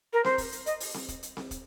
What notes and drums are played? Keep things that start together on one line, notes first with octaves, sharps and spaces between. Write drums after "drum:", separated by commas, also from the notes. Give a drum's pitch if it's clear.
A#4
C5, drum: snare C4
drum: kick, open hi-hat
drum: hi-hat
D#5, drum: hi-hat
drum: open hi-hat
drum: snare C4
drum: kick, hi-hat
drum: hi-hat
drum: snare C4
drum: kick, hi-hat